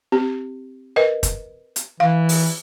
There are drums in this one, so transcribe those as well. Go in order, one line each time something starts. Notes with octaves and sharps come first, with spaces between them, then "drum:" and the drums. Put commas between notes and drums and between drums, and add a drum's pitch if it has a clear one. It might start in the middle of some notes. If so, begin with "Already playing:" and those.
C4 G4
A#4 B4 D#5
drum: kick, hi-hat
drum: hi-hat
E3 F5
drum: open hi-hat